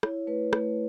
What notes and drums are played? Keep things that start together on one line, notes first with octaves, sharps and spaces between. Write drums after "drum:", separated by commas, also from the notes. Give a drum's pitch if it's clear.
E4 C#5, drum: rim click
A3 B4
A3, drum: rim click